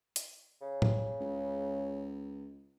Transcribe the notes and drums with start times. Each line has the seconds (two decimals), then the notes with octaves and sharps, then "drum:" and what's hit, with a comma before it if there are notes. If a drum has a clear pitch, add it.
0.16 drum: hi-hat
0.61 C#3
0.82 drum: tom A2
1.21 C#2